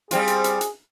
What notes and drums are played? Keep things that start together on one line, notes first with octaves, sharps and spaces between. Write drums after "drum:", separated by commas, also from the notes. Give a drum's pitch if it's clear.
G3 C4 F4 G#4, drum: hi-hat
drum: hi-hat
drum: hi-hat
drum: hi-hat